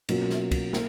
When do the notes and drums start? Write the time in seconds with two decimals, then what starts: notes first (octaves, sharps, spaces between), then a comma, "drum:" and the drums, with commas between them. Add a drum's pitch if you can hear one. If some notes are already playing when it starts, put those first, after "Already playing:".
0.09 B2 F#3 A#3 C#4 F4, drum: cymbal
0.30 drum: snare
0.51 drum: kick, cymbal
0.73 A#3, drum: snare